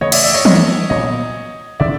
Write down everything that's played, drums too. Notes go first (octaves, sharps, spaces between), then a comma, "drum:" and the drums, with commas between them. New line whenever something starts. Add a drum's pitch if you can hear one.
C#3 E3 A3 C#5 D#5
D5 E5, drum: cymbal
D5 E5
C#5 D#5
C#5 D#5, drum: tom E3
A#2 F#3 B3 C#5 D#5
C#3 E3 G#3 B3 D5 E5